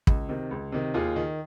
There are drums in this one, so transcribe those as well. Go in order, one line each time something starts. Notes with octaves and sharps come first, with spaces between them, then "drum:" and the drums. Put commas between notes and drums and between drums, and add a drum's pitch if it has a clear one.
C#2, drum: kick
C3 D#3
C#2
C3 D#3
D#2 F4 G#4
D#3